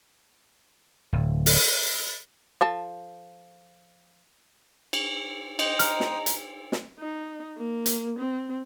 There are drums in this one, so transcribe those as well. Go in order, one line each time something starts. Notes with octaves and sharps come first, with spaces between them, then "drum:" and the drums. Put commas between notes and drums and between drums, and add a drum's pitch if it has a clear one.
D1
drum: open hi-hat
F3 A4 A5
drum: cymbal
C5 D#5 G5 D#6, drum: cymbal
A#5 F6, drum: hi-hat
drum: snare
drum: hi-hat
drum: snare
D#4
A#3
drum: hi-hat
C4